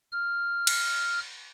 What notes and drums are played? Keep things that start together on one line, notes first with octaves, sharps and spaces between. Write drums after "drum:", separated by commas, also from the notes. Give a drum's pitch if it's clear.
F6
drum: cymbal